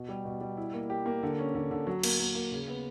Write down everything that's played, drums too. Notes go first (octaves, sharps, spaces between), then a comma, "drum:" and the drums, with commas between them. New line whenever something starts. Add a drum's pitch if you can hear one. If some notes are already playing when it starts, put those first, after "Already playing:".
Already playing: B2
G3
B2
G3
E4
A#3
G4
A#3
D3
C#4
D3
D3
F#3
A#3, drum: cymbal
A#3
A#3
C#3
B3